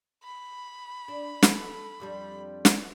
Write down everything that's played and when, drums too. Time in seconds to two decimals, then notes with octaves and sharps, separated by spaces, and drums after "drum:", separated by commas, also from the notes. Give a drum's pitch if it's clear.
0.24 B5
1.08 D4
1.43 A4, drum: snare
2.00 F2 G3 D4
2.65 drum: snare